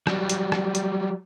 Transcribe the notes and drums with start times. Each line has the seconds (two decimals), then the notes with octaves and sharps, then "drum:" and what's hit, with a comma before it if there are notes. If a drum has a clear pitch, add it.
0.07 F#3 G3, drum: rim click
0.29 drum: hi-hat
0.52 drum: rim click
0.75 drum: hi-hat